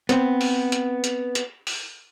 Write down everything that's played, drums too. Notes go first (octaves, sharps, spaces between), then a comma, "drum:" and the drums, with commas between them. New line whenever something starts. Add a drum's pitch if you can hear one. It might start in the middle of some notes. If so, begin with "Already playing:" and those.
B3 C4, drum: hi-hat
drum: open hi-hat
drum: hi-hat
drum: hi-hat
drum: hi-hat
drum: open hi-hat